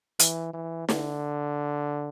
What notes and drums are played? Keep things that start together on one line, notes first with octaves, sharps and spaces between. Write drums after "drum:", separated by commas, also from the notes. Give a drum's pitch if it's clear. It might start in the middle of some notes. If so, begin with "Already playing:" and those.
E3, drum: hi-hat
E3
D3, drum: snare